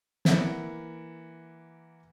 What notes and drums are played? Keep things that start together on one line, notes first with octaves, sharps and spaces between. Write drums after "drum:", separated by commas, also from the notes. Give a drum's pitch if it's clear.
E3 A#3 E5 F#5 D7, drum: snare